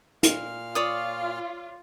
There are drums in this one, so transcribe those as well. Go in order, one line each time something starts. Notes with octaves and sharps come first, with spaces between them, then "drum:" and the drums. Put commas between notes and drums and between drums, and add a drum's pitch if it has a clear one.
A#2 F5 F6, drum: hi-hat
F4 C#5 D5 D#6